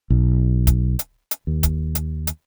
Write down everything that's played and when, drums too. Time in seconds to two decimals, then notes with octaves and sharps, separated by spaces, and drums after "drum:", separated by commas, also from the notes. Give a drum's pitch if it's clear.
0.10 B1
0.67 drum: kick, hi-hat
0.99 drum: hi-hat
1.31 drum: hi-hat
1.47 D#2
1.63 drum: kick, hi-hat
1.95 drum: hi-hat
2.27 drum: hi-hat